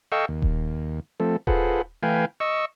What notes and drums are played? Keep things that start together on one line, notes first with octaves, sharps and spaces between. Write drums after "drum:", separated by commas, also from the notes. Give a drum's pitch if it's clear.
A4 D#5 F5 G5 C#6 E6
D#2
drum: kick D#1
F3 A3 C4 A4
F4 G#4 A4 B4 C5 F#5, drum: kick D#1
E3 A3 B4 F5 G5 G#5
D#5 C#6 E6